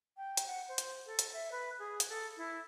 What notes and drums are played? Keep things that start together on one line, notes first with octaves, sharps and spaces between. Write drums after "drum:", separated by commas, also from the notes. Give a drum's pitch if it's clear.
G5
drum: hi-hat
F#5
C5
drum: hi-hat
A4
drum: hi-hat
E5
B4
G#4
drum: hi-hat
A4
E4